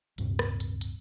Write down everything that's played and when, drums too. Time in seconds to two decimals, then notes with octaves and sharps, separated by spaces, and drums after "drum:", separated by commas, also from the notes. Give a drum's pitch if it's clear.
0.18 D1 G2 C3 C4, drum: hi-hat
0.39 drum: rim click
0.60 drum: hi-hat
0.81 drum: hi-hat